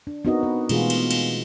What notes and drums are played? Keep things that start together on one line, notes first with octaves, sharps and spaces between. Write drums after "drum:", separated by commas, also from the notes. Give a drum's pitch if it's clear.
D4
B3 C4 D#4 F#4 A#4 D#5
B4
B2 E3 G#3 A3 F4 G#4, drum: cymbal
drum: cymbal
drum: cymbal